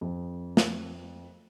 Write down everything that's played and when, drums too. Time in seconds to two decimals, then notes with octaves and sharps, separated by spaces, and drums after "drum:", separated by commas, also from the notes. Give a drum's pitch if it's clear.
0.01 F2
0.57 drum: snare